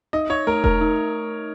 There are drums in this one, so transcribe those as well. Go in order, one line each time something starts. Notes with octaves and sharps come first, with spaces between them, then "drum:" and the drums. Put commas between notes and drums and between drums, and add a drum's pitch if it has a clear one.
D#4 D#5
D#4 C#5
A3 A#4
A3 A#4, drum: kick E1
D#4